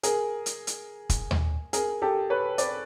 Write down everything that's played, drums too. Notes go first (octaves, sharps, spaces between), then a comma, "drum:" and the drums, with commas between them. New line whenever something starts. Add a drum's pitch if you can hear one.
G#4 A#4, drum: hi-hat
drum: hi-hat
drum: hi-hat
drum: kick, hi-hat
drum: tom D#2
G#4 A#4, drum: hi-hat
G4 A4
B4 C#5
C5 D5, drum: hi-hat